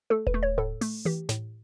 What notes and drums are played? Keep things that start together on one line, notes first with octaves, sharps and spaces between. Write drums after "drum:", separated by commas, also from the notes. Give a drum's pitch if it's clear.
A3 A4
B4, drum: kick D#1
A3
C#5
A2 A4
A3, drum: open hi-hat
E3 G4
A2, drum: snare